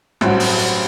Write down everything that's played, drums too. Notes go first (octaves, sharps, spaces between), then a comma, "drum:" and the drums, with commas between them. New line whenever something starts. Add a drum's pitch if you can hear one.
A1 G2 F#3 C4 F#4, drum: rim click
drum: open hi-hat
drum: hi-hat